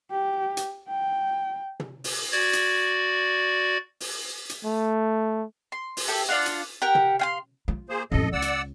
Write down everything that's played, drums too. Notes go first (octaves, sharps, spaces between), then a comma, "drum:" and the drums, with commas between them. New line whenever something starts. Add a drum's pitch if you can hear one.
G4
drum: hi-hat
G5
drum: tom
drum: open hi-hat
F#4 D5 G#6
drum: hi-hat
drum: open hi-hat
drum: hi-hat
A3
C6
drum: open hi-hat
G4 A4 E5
D4 F4 F5 F#5
drum: hi-hat
G4 A#4 F#5 G5
drum: tom
F5 G5 C6
F4
A#3 G#4 C5
A1 F2 A4 D#5
C#2 D5 F#5 E6
drum: hi-hat